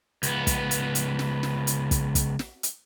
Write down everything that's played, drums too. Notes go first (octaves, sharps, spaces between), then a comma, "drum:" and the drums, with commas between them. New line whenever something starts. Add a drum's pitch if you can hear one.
C#2 B3, drum: hi-hat
drum: kick, hi-hat
drum: hi-hat
drum: hi-hat
drum: snare
drum: snare
drum: hi-hat
drum: kick, hi-hat
drum: kick, hi-hat
drum: snare
drum: hi-hat